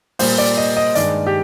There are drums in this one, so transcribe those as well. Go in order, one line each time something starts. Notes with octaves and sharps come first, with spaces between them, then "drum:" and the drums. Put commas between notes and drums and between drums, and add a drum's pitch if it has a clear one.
A#2 G3 A#3 C5, drum: open hi-hat
D5
D#5
D#5
G2 D#3 G#3 D5, drum: hi-hat
G4